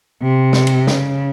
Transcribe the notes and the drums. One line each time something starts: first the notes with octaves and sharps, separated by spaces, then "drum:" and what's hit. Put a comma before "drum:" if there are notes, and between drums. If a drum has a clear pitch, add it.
C3
drum: snare
drum: cymbal
C#3, drum: snare